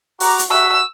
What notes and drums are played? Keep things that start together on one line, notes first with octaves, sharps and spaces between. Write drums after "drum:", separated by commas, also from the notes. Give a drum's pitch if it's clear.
F#4 A#5 D6, drum: open hi-hat
drum: hi-hat
F#4 E5 E6